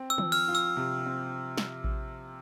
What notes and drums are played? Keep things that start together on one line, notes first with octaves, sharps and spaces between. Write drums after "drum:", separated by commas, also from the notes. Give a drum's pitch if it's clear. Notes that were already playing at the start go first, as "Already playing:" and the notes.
Already playing: C4
E6
F3, drum: tom
F6, drum: cymbal
F4
E6, drum: tambourine
C3
C4
drum: snare
drum: kick A1